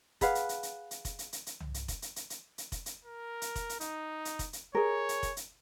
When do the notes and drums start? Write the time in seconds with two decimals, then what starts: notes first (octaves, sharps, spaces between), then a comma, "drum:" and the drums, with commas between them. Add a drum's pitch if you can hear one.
0.21 G#4 B4 F5 F#5, drum: kick F1, hi-hat
0.35 drum: hi-hat
0.49 drum: hi-hat
0.63 drum: hi-hat
0.91 drum: hi-hat
1.05 drum: kick F1, hi-hat
1.19 drum: hi-hat
1.33 drum: hi-hat
1.47 drum: hi-hat
1.60 drum: tom
1.74 drum: hi-hat
1.88 drum: kick F1, hi-hat
2.02 drum: hi-hat
2.16 drum: hi-hat
2.30 drum: hi-hat
2.58 drum: hi-hat
2.72 drum: kick F1, hi-hat
2.86 drum: hi-hat
3.05 A#4
3.42 drum: hi-hat
3.55 drum: kick F1, hi-hat
3.69 drum: hi-hat
3.81 D#4, drum: hi-hat
4.25 drum: hi-hat
4.39 drum: kick F1, hi-hat
4.53 drum: hi-hat
4.75 G#4 A#4 C#5
5.09 drum: hi-hat
5.23 drum: kick F1, hi-hat
5.37 drum: hi-hat